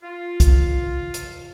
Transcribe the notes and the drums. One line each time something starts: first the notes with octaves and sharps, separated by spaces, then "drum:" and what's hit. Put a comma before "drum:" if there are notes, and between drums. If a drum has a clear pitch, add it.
F4
drum: kick, hi-hat
drum: hi-hat